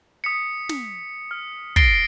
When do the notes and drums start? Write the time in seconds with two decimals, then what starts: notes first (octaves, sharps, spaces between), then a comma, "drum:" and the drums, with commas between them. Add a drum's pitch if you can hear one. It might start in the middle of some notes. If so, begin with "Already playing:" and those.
0.24 D#6 B6 C#7
0.69 drum: snare
1.31 F6
1.76 A6 A#6 C7 D7 G7, drum: kick